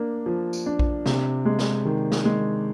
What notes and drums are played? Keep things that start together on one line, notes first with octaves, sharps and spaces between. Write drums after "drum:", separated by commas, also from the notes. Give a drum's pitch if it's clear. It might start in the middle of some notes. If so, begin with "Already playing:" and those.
Already playing: A#3 D4
F3
drum: tambourine
D4
drum: kick A#1
C3, drum: snare
G#3
drum: snare
D#3
drum: snare
G#3